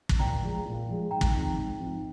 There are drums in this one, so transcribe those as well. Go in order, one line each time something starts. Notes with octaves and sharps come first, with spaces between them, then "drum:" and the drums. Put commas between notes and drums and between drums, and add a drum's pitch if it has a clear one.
drum: kick
A#2 G5 A#5
F3 G#3
A#2
F3 G#3
G#2 G5 A#5
drum: kick
F3 C4 D#4
G#2
F3 C4 D#4